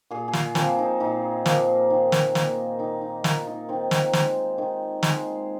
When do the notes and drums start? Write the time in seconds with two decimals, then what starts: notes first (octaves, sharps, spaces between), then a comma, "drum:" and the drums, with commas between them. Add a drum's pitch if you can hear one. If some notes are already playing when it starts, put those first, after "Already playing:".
0.11 A#2 G#4
0.28 G#4
0.33 F4, drum: snare
0.55 F3 A#3 C4, drum: snare
0.79 D#4
1.00 A#2 D#4
1.46 F3 A#3, drum: snare
1.90 D#3
2.12 drum: snare
2.35 A#3, drum: snare
2.79 D#3 D#4
3.01 D#4
3.24 A#3 F4, drum: snare
3.47 D#4
3.69 D#3 C4
3.91 drum: snare
4.13 G#3, drum: snare
4.58 D#3
5.03 G#3, drum: snare